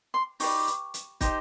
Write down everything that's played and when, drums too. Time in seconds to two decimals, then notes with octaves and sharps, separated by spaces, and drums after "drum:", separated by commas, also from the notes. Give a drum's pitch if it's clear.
0.14 C6
0.40 D#4 G4 B4 D5 C#6, drum: open hi-hat
0.67 drum: hi-hat
0.94 drum: hi-hat
1.21 D#4 G4 C5 D#5, drum: kick, hi-hat